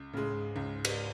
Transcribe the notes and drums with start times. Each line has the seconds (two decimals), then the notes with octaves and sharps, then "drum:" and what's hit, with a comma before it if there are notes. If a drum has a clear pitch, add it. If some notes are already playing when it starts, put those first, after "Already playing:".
Already playing: C#2
0.13 A2 C#3 G#3
0.34 G#2
0.56 C#2
0.85 drum: cymbal